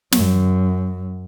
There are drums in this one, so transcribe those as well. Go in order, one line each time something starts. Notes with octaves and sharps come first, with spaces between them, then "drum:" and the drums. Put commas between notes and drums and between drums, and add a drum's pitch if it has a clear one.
F#2, drum: snare